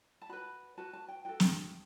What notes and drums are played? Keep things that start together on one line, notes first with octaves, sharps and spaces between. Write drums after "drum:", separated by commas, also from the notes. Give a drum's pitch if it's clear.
A5
F#4 B4 B5
F#4 B4 A5
A5
G5
F#4 A4 G5
drum: snare